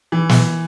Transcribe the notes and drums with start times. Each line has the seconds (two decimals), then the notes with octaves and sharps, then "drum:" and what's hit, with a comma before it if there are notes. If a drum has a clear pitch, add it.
0.12 E3
0.29 drum: snare